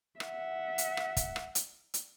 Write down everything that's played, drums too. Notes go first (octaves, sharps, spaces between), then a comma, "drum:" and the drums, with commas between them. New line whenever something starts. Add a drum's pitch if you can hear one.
E5 F#5, drum: rim click
drum: hi-hat
drum: rim click
drum: kick, hi-hat
drum: rim click
drum: hi-hat
drum: hi-hat